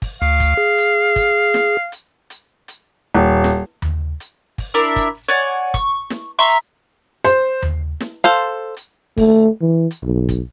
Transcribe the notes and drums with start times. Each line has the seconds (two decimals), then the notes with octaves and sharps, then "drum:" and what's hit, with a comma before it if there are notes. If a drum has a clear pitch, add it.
0.02 drum: kick, open hi-hat
0.22 D2 F5
0.40 drum: kick, hi-hat
0.57 G#4
0.78 drum: hi-hat
1.16 drum: kick, hi-hat
1.54 drum: snare
1.92 drum: hi-hat
2.30 drum: hi-hat
2.68 drum: hi-hat
3.15 D#1
3.44 drum: snare
3.82 drum: tom D#2
4.20 drum: hi-hat
4.58 drum: kick, open hi-hat
4.74 D4 E4 A#4 E5
4.96 drum: kick, hi-hat
5.29 C#5 D5 F#5 G#5
5.74 C#6, drum: kick, hi-hat
6.10 drum: snare
6.39 E5 A#5 C6 C#6
6.48 drum: hi-hat
7.24 C5, drum: hi-hat
7.62 drum: tom D#2
8.00 drum: snare
8.24 A4 C5 F5
8.77 drum: hi-hat
9.17 A3, drum: kick, open hi-hat
9.61 E3
9.91 drum: hi-hat
10.03 B1
10.29 drum: kick, hi-hat